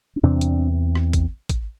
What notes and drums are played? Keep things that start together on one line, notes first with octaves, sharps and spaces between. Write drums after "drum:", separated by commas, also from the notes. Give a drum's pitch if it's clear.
C#4
E2 C3 C4 D4
drum: hi-hat
drum: rim click
drum: kick, hi-hat
drum: kick, hi-hat